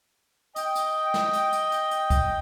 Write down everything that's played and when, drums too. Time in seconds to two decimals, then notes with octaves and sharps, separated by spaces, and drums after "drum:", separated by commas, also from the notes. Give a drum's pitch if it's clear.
0.56 D#5 G5, drum: hi-hat
0.75 drum: hi-hat
1.14 drum: snare
1.33 drum: hi-hat
1.52 drum: hi-hat
1.72 drum: hi-hat
1.91 drum: hi-hat
2.10 drum: kick C#2, hi-hat